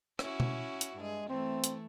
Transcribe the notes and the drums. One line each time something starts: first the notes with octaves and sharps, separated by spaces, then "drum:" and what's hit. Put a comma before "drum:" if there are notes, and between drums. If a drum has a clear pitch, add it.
C#4 E4 F#4, drum: rim click
drum: tom
drum: hi-hat
G2 G#3 G#4
E3 A3 C4 E4
drum: hi-hat